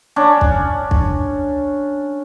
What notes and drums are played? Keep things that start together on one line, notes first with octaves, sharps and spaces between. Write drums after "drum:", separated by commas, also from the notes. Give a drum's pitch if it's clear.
C#4 D4
drum: kick
drum: kick